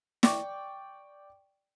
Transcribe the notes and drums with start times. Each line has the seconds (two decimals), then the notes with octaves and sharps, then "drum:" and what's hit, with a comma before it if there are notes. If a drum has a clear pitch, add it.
0.23 D5 G5 C#6 D6, drum: snare